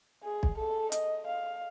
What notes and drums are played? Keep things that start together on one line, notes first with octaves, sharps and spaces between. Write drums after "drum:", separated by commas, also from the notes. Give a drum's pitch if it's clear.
G#4
drum: kick B1
A4
D#5, drum: hi-hat
F5